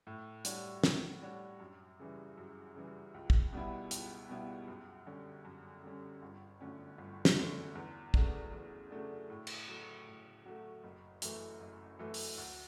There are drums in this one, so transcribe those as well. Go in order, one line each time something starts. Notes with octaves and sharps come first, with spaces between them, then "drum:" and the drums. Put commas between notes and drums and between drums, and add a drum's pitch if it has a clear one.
A2
G3 D4 F#4 C#5, drum: hi-hat
A2, drum: snare
G3 D4 F#4 C#5
F#2
C#3 E3 G3
F#2
C#3 E3 G3
C#2
drum: kick
B2 G3 B3 E4
C#2, drum: hi-hat
B2 G3 B3 E4
F#2
D3 G3 C#4
F#2
D3 G3 C#4
G1
F#2 D3 A3 C#4
G1
drum: snare
F#2 D3 A3 C#4
E2
C#3 F#3 A3 D4, drum: kick
E2
C#3 F#3 A3 D4
A2
drum: cymbal
F#3 A3
A2
F#3 A3
F#1
F#2 E3 A3, drum: hi-hat
F#1
F#2 E3 A3
drum: open hi-hat
D2